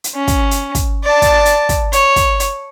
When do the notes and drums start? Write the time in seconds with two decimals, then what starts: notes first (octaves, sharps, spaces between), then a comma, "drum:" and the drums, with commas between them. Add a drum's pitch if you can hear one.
0.04 drum: hi-hat
0.15 C#4
0.28 drum: kick, hi-hat
0.51 drum: hi-hat
0.75 drum: kick, hi-hat
1.03 D5 A5
1.22 drum: kick, hi-hat
1.45 drum: hi-hat
1.69 drum: kick, hi-hat
1.93 C#5, drum: hi-hat
2.16 drum: kick, hi-hat
2.40 drum: hi-hat